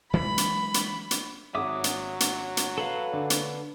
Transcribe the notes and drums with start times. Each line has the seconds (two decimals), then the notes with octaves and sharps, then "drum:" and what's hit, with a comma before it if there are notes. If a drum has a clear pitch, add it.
0.14 E3 F#3 G#3 B5
0.38 drum: hi-hat
0.74 drum: hi-hat
1.11 drum: hi-hat
1.55 G#1 F#3 G#4 E5 F#5 D6 D#6
1.84 drum: hi-hat
2.20 drum: hi-hat
2.57 drum: hi-hat
2.78 A4 B4 F5
3.12 D3 D4
3.30 drum: hi-hat